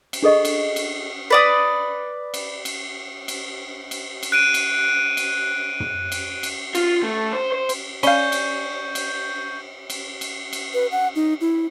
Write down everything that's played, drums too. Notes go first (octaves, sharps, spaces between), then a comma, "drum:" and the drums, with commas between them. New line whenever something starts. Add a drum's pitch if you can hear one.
drum: cymbal
D4 G#4 A4 D#5 C#6
drum: cymbal
drum: cymbal
B4 D5 D#6
drum: cymbal
drum: cymbal
drum: cymbal
drum: cymbal
drum: cymbal
F#6 D7 D#7
drum: cymbal
drum: cymbal
drum: tom
drum: cymbal
drum: cymbal
F4, drum: cymbal
A3
C5
C5
drum: cymbal
C#4 D5 F5 B5 C#6 G6 G7, drum: cymbal
drum: cymbal
drum: cymbal
drum: cymbal
drum: cymbal
drum: cymbal
B4
F#5
D#4
E4